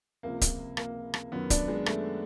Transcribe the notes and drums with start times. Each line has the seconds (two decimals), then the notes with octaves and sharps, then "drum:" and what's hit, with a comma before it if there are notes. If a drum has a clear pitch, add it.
0.23 C#2 C3 F3 A#3
0.41 drum: kick C#1, hi-hat
0.77 A#3, drum: rim click
1.14 drum: rim click
1.32 F#2 D#3 F#3 B3
1.50 D4, drum: kick C#1, hi-hat
1.68 G#3
1.86 A3, drum: rim click